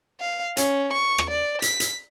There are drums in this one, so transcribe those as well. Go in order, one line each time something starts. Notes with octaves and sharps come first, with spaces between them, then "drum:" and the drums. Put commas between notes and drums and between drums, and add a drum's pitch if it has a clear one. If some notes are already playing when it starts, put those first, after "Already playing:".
F5
C#4, drum: hi-hat
C#6
drum: rim click
D5
B6, drum: hi-hat
drum: hi-hat